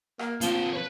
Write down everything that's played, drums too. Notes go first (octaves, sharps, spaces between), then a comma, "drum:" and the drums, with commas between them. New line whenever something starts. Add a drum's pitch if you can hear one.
A#3, drum: rim click
F3 A#3 C4, drum: hi-hat
B4 C#5